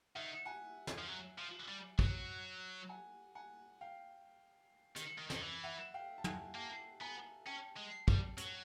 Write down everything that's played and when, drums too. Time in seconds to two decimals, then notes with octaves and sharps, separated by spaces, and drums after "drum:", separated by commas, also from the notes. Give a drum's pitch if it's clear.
0.15 D#3 E5 F#5
0.45 F#5 G#5
0.87 drum: snare
0.98 F3
1.07 F#3
1.38 F3
1.68 G3
1.99 F#3, drum: kick
2.89 F#5 G#5
3.35 F#5 G#5
3.81 F5 G5
4.96 D#3, drum: hi-hat
5.18 D#3
5.30 D#3, drum: snare
5.41 E3
5.64 E5 F#5
5.94 F5 G5
6.18 A5
6.24 F#5 G#5, drum: tom
6.54 A#3 G5 A5
7.01 B3 G#5 A#5
7.46 C#4 G5 A5
7.76 G#3
8.08 G3, drum: kick
8.37 F#3, drum: hi-hat